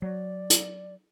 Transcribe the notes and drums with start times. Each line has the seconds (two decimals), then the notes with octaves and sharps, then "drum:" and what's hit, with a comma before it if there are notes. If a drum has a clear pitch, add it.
0.02 F#3 D5
0.50 drum: hi-hat